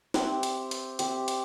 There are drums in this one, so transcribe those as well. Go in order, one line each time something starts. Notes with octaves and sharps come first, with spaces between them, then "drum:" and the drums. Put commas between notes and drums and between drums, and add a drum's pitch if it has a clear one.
C4 G4 C5 E5, drum: snare
drum: hi-hat
drum: hi-hat
C4 G4 C5 E5, drum: hi-hat
drum: hi-hat